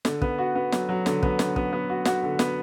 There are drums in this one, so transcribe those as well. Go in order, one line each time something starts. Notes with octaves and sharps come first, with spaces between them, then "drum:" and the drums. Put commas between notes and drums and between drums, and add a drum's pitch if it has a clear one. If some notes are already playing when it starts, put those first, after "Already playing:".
D3, drum: snare
B3, drum: kick
F#4
B3
F#3, drum: snare
F#3
D3, drum: snare
B3, drum: kick
D3, drum: snare
B3, drum: kick
B3
F#4
F#4, drum: snare
D3
B3, drum: snare